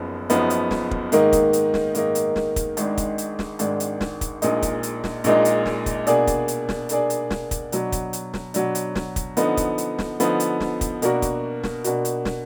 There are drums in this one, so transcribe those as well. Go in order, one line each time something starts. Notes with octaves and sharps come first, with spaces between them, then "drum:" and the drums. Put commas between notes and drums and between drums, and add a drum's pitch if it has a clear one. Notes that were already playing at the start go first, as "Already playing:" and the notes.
Already playing: F#1 F#2 F3 B3 D#4
F#1 F#2 F3 B3 D#4, drum: hi-hat
drum: hi-hat
drum: snare
drum: kick
G#2 D#3 A#3 D#4, drum: hi-hat
drum: kick, hi-hat
drum: hi-hat
drum: snare
G#2 D#3 A#3 D#4, drum: hi-hat
drum: hi-hat
drum: snare
drum: kick, hi-hat
G#1 G#2 D#3 G#3 D4, drum: hi-hat
drum: kick, hi-hat
drum: hi-hat
drum: snare
G#1 G#2 D#3 G#3 D4, drum: hi-hat
drum: hi-hat
drum: snare
drum: kick, hi-hat
A#1 A#2 G#3 D#4, drum: hi-hat
drum: kick, hi-hat
drum: hi-hat
drum: snare
A#1 A#2 G#3 D#4, drum: hi-hat
drum: hi-hat
drum: snare
drum: kick, hi-hat
B2 A#3 D4 G#4 D5, drum: hi-hat
drum: kick, hi-hat
drum: hi-hat
drum: snare
B2 A#3 D4 G#4 D5, drum: hi-hat
drum: hi-hat
drum: snare
drum: kick, hi-hat
B2 F#3 D4, drum: hi-hat
drum: kick, hi-hat
drum: hi-hat
drum: snare
B2 F#3 D4, drum: hi-hat
drum: hi-hat
drum: snare
drum: kick, hi-hat
D3 F3 B3 D#4, drum: hi-hat
drum: kick, hi-hat
drum: hi-hat
drum: snare
D3 F3 B3 D#4, drum: hi-hat
drum: hi-hat
drum: snare
drum: kick, hi-hat
B2 A#3 D4 F#4 A#4, drum: hi-hat
drum: kick, hi-hat
drum: snare
B2 A#3 D4 F#4 A#4, drum: hi-hat
drum: hi-hat
drum: snare